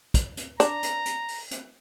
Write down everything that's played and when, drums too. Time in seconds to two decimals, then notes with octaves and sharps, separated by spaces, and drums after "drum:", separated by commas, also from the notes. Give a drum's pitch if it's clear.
0.14 drum: kick, hi-hat
0.37 drum: hi-hat
0.60 D4 A#5, drum: hi-hat
0.83 drum: hi-hat
1.06 drum: hi-hat
1.28 drum: open hi-hat
1.51 drum: hi-hat